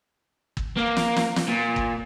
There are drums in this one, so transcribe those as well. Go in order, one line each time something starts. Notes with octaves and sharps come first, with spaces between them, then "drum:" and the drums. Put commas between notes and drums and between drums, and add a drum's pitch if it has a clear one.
drum: kick G1
A#3
drum: snare
drum: snare
drum: snare
A#2
drum: kick G1